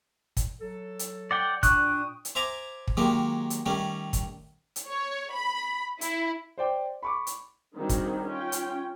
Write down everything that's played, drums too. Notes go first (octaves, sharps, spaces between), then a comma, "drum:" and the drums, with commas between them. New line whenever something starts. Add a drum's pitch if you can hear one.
drum: kick, hi-hat
F#3 A4
drum: hi-hat
D5 F#5 G5
A#2 D4 G5 C#6 D#6 F#6, drum: kick, hi-hat
drum: hi-hat
C5 E5 G#5 A#5 D6
drum: kick
D#3 F#3 G#3 A#3 G4
drum: hi-hat
D#3 G3 A3 C#4
drum: kick, hi-hat
drum: hi-hat
C#5
B5
E4, drum: hi-hat
C5 D5 G5
B5 C#6 D6
drum: hi-hat
D#3 G3 C4 D4 F#4 G#4
drum: kick, hi-hat
C#4 F4 G5
drum: hi-hat